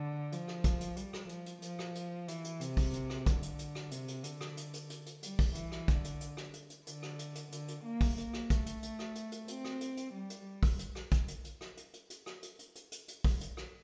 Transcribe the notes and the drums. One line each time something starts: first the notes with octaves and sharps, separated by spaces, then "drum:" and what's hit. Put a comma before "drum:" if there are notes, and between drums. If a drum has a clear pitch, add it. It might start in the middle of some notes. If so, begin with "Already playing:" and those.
Already playing: D3
F3, drum: hi-hat
drum: rim click
drum: kick, hi-hat
drum: hi-hat
G3, drum: hi-hat
drum: rim click
F3, drum: hi-hat
drum: hi-hat
F3, drum: hi-hat
drum: rim click
drum: hi-hat
E3, drum: hi-hat
drum: hi-hat
C3, drum: hi-hat
drum: kick, open hi-hat
drum: hi-hat
drum: rim click
D3, drum: kick, hi-hat
drum: hi-hat
drum: hi-hat
drum: rim click
C3, drum: hi-hat
drum: hi-hat
D3, drum: hi-hat
drum: rim click
drum: hi-hat
drum: hi-hat
drum: hi-hat
drum: hi-hat
G3, drum: hi-hat
drum: kick, open hi-hat
E3, drum: hi-hat
drum: rim click
D3, drum: kick, hi-hat
drum: hi-hat
drum: hi-hat
drum: rim click
drum: hi-hat
drum: hi-hat
D3, drum: hi-hat
drum: rim click
drum: hi-hat
drum: hi-hat
D3, drum: hi-hat
drum: hi-hat
A#3
drum: kick, open hi-hat
A#3, drum: hi-hat
drum: rim click
A3, drum: kick, hi-hat
drum: hi-hat
drum: hi-hat
drum: rim click
drum: hi-hat
drum: hi-hat
C4, drum: hi-hat
drum: rim click
drum: hi-hat
drum: hi-hat
G3
drum: hi-hat
drum: kick, open hi-hat
drum: hi-hat
drum: rim click
drum: kick, hi-hat
drum: hi-hat
drum: hi-hat
drum: rim click
drum: hi-hat
drum: hi-hat
drum: hi-hat
drum: rim click
drum: hi-hat
drum: hi-hat
drum: hi-hat
drum: hi-hat
drum: hi-hat
drum: kick, open hi-hat
drum: hi-hat
drum: rim click